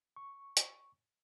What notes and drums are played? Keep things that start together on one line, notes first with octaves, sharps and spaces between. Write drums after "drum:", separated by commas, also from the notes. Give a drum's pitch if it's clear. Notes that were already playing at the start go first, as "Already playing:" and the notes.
C#6
drum: hi-hat